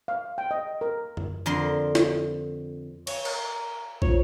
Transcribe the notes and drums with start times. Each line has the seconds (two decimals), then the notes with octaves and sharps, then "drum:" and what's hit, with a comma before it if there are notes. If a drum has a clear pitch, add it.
0.08 F5
0.38 G5
0.51 D#5
0.81 A#4
1.17 drum: tom F#2
1.46 F2 D3 A#4 C6
1.95 drum: snare
3.07 C#5, drum: cymbal
3.25 A#4, drum: cymbal
4.02 F4 C5 C#5, drum: kick